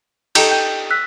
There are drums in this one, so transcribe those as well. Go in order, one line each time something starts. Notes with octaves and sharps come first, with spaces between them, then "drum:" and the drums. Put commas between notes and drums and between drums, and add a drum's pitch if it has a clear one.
D#4 G4 A4 G6, drum: cymbal
G5 G6
E6 F#6 B6